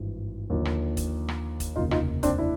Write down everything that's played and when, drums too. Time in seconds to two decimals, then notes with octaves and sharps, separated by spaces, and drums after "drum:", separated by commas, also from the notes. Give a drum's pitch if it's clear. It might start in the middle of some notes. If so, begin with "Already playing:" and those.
Already playing: G#1 G2 E3
0.50 D#2 D3 F3
0.65 drum: rim click
0.97 drum: kick, hi-hat
1.28 drum: rim click
1.60 drum: kick, hi-hat
1.76 F1 D#2 C#3 D#4 F4
1.91 D#4 F4, drum: rim click
2.23 C4 D4, drum: kick, hi-hat
2.38 D4 E4